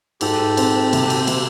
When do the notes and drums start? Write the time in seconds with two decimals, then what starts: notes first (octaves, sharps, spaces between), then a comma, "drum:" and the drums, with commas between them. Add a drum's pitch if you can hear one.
0.21 G#2 G4 A4, drum: cymbal
0.57 C4, drum: cymbal
0.93 C3, drum: cymbal
1.10 drum: cymbal
1.27 C3, drum: cymbal